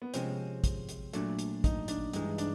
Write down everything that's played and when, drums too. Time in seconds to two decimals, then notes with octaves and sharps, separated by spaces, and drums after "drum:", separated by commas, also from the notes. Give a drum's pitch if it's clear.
0.02 B3
0.14 C3 F3 G#3 C4 C#4, drum: hi-hat
0.64 drum: kick, hi-hat
0.89 drum: hi-hat
1.13 A#2 F#3 A3 D4, drum: hi-hat
1.39 drum: hi-hat
1.64 D#4, drum: kick, hi-hat
1.88 D4, drum: hi-hat
2.13 G2 E3 G#3 D#4, drum: hi-hat
2.38 D4, drum: hi-hat